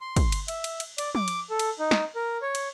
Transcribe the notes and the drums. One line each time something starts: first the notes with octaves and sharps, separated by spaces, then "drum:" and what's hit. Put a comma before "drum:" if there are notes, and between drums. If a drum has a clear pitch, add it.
C6
drum: kick, cymbal
drum: cymbal
E5, drum: cymbal
drum: cymbal
drum: cymbal
D5, drum: cymbal
D6, drum: tom
drum: cymbal
A4
drum: cymbal
D#4
drum: snare
A#4
C#5
drum: cymbal